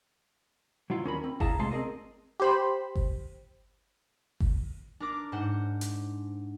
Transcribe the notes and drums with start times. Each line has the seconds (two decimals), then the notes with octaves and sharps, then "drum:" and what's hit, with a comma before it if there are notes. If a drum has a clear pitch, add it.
0.90 F#3 E4 F4
1.04 D#2 C#4 A#4 B5
1.24 C4
1.40 E4 G#4 E5 F5 A5 A#5, drum: kick G1
1.59 C3 G#3 A3 A5 C6
1.71 C4 G#4 A#4 D#5
2.40 G4 C5 B5
2.95 drum: kick G1
4.40 drum: kick G1
5.00 D4 A#4 D6
5.32 G#2 C5 F#5
5.81 drum: hi-hat